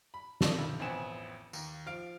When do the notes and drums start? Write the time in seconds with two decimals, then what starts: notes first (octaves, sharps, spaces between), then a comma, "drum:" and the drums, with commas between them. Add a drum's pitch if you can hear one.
0.14 B5
0.41 D#4 A4 D5 D#5, drum: snare
0.54 G2 C3
0.80 A1 F2 B3 C4 G#5 E7
1.53 D#2, drum: tambourine
1.86 F3 F5 D7